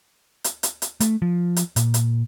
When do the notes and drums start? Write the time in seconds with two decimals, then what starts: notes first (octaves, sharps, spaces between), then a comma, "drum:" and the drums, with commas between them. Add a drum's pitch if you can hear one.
0.44 drum: hi-hat
0.63 drum: hi-hat
0.82 drum: hi-hat
1.00 A3, drum: hi-hat
1.22 F3
1.56 drum: hi-hat
1.76 A#2, drum: hi-hat
1.94 drum: hi-hat